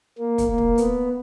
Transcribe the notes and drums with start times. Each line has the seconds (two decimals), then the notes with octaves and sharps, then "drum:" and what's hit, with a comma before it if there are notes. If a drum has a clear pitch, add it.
0.18 A#3
0.38 drum: kick, hi-hat
0.48 A#3
0.58 drum: kick
0.78 B3, drum: hi-hat